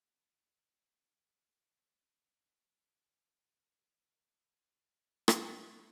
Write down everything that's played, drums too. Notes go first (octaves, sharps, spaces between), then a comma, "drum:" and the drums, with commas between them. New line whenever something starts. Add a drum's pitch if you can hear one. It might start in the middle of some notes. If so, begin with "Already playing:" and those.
A#5
C4 G5
G5
D#2
G5
D#3 A#5
C4 G5
C4
D#2
D#2
D#3
D#2
D#2 F5
D#3 G5
C4 A#5
D#2 G5
C5
D#2 D#5
D#3 C5
D#2 G4
D#3 C5
D#2 F4
A#3 F4
G4
D#2
G4
A#3
A#4
drum: rim click